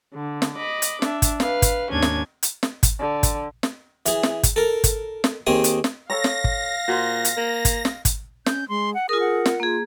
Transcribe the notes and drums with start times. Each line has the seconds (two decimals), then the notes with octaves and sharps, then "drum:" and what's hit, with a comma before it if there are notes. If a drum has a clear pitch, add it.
0.14 D3
0.42 drum: snare
0.55 D#5 B5 D6
0.82 drum: hi-hat
1.02 D4 E5, drum: snare
1.22 drum: kick, hi-hat
1.40 B4 F5, drum: snare
1.62 drum: kick, hi-hat
1.91 D#2 G#2 C#4 D4 G#6
2.02 drum: snare
2.43 drum: hi-hat
2.63 drum: snare
2.83 drum: kick, hi-hat
2.99 D3
3.23 drum: kick, hi-hat
3.63 drum: snare
4.06 E3 G#4, drum: hi-hat
4.23 drum: snare
4.43 drum: kick, hi-hat
4.56 A4 A#4
4.84 drum: kick, hi-hat
5.24 drum: snare
5.47 D#2 C4 G#4 D#6
5.64 drum: hi-hat
5.84 drum: snare
6.10 A4 C#5 F5 A#5 A#6
6.24 drum: snare
6.44 drum: kick
6.88 A#2 F#4 G#4 C5
7.25 drum: hi-hat
7.37 A#3
7.65 drum: kick, hi-hat
7.85 drum: snare
8.05 drum: kick, hi-hat
8.46 C#4 G6, drum: snare
8.69 G#3 C6
8.94 F#5
9.09 F4 G#4 A#4 D#6
9.20 F#5
9.46 drum: snare
9.60 A#3 F4 G#4